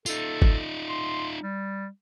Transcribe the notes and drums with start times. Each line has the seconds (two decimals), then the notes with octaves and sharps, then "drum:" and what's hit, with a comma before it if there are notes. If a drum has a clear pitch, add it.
0.06 D#4 F4 A4, drum: tambourine
0.42 drum: kick G1
0.89 C6
1.43 G3